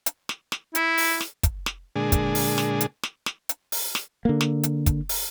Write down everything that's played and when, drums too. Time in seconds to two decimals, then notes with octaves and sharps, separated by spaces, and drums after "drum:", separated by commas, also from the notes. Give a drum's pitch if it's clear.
0.06 drum: hi-hat
0.29 drum: snare
0.52 drum: snare
0.75 E4, drum: hi-hat
0.98 drum: open hi-hat
1.21 drum: snare
1.43 drum: kick, hi-hat
1.66 drum: snare
1.96 A#2 D3 G#3 D4 G#4
2.12 drum: kick, hi-hat
2.35 drum: open hi-hat
2.58 drum: snare
2.81 drum: hi-hat
3.03 drum: snare
3.26 drum: snare
3.49 drum: hi-hat
3.72 drum: open hi-hat
3.95 drum: snare
4.25 D3 A#3
4.41 drum: snare
4.63 drum: hi-hat
4.86 drum: kick, hi-hat
5.09 drum: open hi-hat